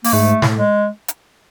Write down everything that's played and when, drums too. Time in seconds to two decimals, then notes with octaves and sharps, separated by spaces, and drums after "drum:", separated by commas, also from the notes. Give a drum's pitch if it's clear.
0.04 A#3, drum: open hi-hat
0.13 G#2 A3
0.42 A2, drum: snare
0.57 G#3
1.08 drum: hi-hat